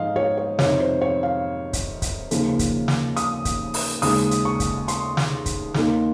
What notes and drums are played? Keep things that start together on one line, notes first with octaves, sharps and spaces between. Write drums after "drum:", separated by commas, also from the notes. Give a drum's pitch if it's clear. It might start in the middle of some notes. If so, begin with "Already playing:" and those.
Already playing: G#2 F3 D#5 F5
C#5
C#5
F2 C3 D#3 C#5, drum: snare
C5
C#5
F5
drum: kick, hi-hat
drum: kick, hi-hat
D#2 C#3 F3 A#3, drum: hi-hat
drum: kick, hi-hat
drum: snare
D#6, drum: hi-hat
drum: kick, hi-hat
drum: open hi-hat
D#2 C#3 G#3 D#6, drum: open hi-hat
drum: hi-hat
C#6
drum: kick, hi-hat
C6, drum: hi-hat
drum: snare
drum: kick, hi-hat
D#2 D#3 A#3, drum: snare